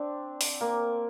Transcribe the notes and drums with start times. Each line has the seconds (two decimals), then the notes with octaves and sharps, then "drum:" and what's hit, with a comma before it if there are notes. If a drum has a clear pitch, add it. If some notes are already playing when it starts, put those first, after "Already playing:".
Already playing: C4 D4
0.41 drum: open hi-hat
0.61 A#3